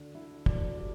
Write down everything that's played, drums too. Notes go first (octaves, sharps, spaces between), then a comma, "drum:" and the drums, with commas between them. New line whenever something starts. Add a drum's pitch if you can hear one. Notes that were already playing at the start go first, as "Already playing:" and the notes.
Already playing: D2 D3 D4
D3 E4
D2 D5, drum: kick
G3 D5